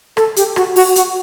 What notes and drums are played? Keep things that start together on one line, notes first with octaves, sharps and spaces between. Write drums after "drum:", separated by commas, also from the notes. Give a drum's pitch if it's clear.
A4, drum: rim click
G4, drum: hi-hat
F#4, drum: rim click
F#4, drum: open hi-hat
F#4, drum: hi-hat